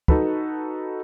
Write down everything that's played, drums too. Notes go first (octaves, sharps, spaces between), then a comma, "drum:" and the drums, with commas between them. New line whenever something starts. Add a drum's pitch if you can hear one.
D#4 F#4 A4 B4 B5, drum: kick